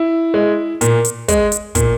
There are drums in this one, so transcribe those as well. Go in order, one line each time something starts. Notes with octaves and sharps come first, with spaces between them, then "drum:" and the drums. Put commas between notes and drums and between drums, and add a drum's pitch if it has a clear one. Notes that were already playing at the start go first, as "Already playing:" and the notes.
Already playing: E4
G#3
A#2, drum: hi-hat
drum: hi-hat
G#3, drum: kick, hi-hat
drum: hi-hat
A#2, drum: kick, hi-hat